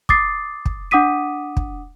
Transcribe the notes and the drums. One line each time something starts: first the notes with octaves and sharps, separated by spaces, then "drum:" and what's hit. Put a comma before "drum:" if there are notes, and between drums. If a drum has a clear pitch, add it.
D6 D#6 A6 C7, drum: kick
drum: kick
D4 F#5 D6 D#6 B6 D#7
drum: kick